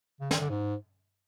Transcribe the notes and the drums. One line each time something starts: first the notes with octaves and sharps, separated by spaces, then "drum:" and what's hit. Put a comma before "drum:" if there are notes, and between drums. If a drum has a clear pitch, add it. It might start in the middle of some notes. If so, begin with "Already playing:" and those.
C#3
D#3, drum: snare
D3
G#2